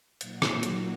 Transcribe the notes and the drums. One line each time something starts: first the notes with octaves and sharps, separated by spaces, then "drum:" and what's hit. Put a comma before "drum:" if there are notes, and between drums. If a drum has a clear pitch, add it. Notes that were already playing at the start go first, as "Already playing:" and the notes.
A#2 F#3 A#3 D#4 F#4, drum: hi-hat
drum: rim click
drum: hi-hat